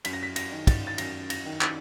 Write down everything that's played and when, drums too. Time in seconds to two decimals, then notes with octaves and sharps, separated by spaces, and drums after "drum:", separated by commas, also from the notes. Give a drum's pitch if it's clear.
0.05 F#2 B6, drum: cymbal
0.13 A#6
0.23 B6
0.36 A#6, drum: cymbal
0.51 D#3
0.67 A6, drum: kick, cymbal
0.87 A6
0.98 F#2 A#6, drum: cymbal
1.30 A#6, drum: cymbal
1.45 D#3
1.61 A6, drum: clap